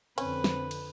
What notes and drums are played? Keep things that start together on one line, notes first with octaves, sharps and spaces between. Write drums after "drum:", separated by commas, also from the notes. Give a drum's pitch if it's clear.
F2 D3 C4 C#4 B4, drum: cymbal
drum: snare
drum: cymbal